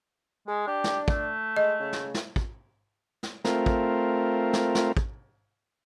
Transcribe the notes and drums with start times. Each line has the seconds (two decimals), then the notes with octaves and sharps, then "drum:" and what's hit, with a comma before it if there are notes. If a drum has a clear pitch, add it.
0.48 G#3 G#4
0.67 D4 G4
0.84 drum: snare
1.08 A3, drum: kick
1.57 G#3 D#5
1.80 C#3
1.93 drum: snare
2.14 drum: snare
2.36 drum: kick
3.23 drum: snare
3.45 A3 C4 F4 A#4, drum: snare
3.66 drum: kick
4.53 drum: snare
4.75 drum: snare
4.97 drum: kick